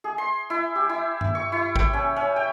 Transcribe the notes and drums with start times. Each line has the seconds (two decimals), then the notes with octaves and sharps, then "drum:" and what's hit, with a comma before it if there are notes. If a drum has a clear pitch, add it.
0.04 G#4
0.18 C6
0.50 E4
0.76 G4
0.89 E4
1.21 drum: tom G2
1.35 C#6
1.52 E4
1.76 G5, drum: kick G#1
1.93 C#4
2.16 C#4
2.36 G5